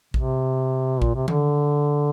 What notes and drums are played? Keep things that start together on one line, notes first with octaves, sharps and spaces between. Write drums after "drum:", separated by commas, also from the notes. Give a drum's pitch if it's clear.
C3, drum: kick A#1
A#2, drum: kick A#1
C3
D3, drum: tom D#3